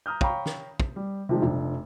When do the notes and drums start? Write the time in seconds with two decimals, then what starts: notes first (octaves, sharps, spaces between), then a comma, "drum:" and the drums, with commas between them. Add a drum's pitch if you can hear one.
0.06 A#5 D#6 F6 G6
0.21 C#5 F5 G5 A#5 B5 C#6, drum: kick
0.46 drum: snare
0.80 drum: kick
0.96 G3
1.29 C3 D#3 F3 G3 G#3
1.42 F1 F3 D4